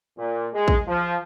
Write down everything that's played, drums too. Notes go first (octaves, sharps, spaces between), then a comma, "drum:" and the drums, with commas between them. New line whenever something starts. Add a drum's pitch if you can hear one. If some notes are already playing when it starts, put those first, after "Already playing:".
A#2
G#3
drum: kick
F3